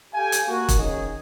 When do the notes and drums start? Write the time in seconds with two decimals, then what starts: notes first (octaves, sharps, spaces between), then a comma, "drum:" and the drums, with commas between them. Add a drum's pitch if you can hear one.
0.14 G4 A4 F5 G5 G#5
0.32 drum: hi-hat
0.48 A#3 F#4
0.69 drum: kick E1, hi-hat
0.79 D#3 C#4 D#4 G#4